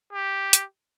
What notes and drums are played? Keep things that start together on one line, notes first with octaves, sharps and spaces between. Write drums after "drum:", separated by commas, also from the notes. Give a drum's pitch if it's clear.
G4
drum: hi-hat